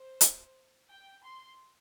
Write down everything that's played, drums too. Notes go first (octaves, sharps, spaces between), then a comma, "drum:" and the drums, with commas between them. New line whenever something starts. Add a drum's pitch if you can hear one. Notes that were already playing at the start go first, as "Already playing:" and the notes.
Already playing: C5
drum: hi-hat
G5
C6